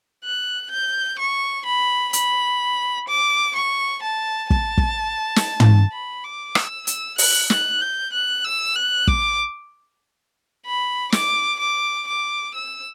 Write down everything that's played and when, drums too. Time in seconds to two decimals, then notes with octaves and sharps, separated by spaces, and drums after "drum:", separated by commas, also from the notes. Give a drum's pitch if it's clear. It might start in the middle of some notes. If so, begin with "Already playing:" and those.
0.24 F#6
0.71 G6
1.19 C#6
1.66 B5
2.13 B5, drum: hi-hat
3.08 D6
3.56 C#6
4.02 A5
4.50 A5, drum: kick
4.78 drum: kick
5.36 drum: snare
5.60 drum: tom
5.92 B5
6.24 D6
6.55 E6, drum: rim click
6.87 E6, drum: hi-hat
7.18 F#6, drum: open hi-hat
7.50 F#6, drum: snare
7.81 G6
8.13 F#6
8.44 E6
8.76 F#6
9.07 D6, drum: kick
10.66 B5
11.12 D6, drum: snare
11.59 D6
12.07 D6
12.55 E6